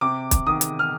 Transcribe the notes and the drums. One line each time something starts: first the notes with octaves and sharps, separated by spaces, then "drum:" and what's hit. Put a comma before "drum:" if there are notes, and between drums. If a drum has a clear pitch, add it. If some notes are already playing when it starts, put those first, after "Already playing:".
C3 D6
drum: kick, hi-hat
D#3 D#6
drum: hi-hat
F6